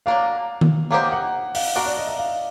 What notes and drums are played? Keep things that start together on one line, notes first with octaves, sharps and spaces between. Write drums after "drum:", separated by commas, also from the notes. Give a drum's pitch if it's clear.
F#3 A#3 D4 F5
drum: tom D#3
F#3 A#3 D#4 G4 C5 F#5
F#5
F5, drum: open hi-hat
A#3 D4 F#4 A#4 F5
D5
D#5
E5
F5